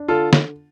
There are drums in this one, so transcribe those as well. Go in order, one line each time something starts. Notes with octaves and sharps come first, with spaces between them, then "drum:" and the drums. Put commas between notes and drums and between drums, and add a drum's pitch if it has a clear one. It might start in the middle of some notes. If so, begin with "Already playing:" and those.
Already playing: D4
D3 F4 A4
drum: snare